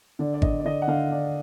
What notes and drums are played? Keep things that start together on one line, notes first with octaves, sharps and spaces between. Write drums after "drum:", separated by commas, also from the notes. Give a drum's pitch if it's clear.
D3 D5
D5
D3 D#5, drum: kick G#1
D5
D3 D#5
F#5
D3 F5
D4